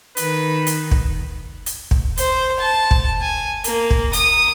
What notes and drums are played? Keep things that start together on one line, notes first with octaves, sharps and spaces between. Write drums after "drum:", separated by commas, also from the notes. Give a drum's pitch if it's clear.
D#3 B4, drum: hi-hat
drum: hi-hat
drum: kick
drum: hi-hat
drum: kick
C5, drum: hi-hat
A5
drum: kick
G#5
A#3, drum: hi-hat
drum: kick
D#6, drum: hi-hat